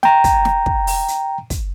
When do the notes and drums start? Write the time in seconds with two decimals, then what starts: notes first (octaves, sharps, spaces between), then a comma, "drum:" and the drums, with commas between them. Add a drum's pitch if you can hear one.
0.03 G5 A#5, drum: snare
0.24 drum: kick, hi-hat
0.45 drum: snare
0.66 drum: kick
0.87 drum: open hi-hat
1.08 drum: hi-hat
1.50 drum: kick, hi-hat